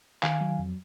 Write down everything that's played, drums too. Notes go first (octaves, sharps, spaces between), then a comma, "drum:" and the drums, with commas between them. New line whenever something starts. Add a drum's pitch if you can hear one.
D#3 F5 G#5, drum: clap
F#3
F2